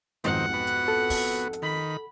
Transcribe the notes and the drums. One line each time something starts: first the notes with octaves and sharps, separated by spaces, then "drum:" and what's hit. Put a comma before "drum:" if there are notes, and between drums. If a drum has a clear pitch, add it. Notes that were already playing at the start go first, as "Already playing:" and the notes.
B1 F2 G#2 D#3 C4 F#5, drum: hi-hat
B3 F#4
drum: hi-hat
A4
drum: kick, open hi-hat
drum: hi-hat
D#3 B5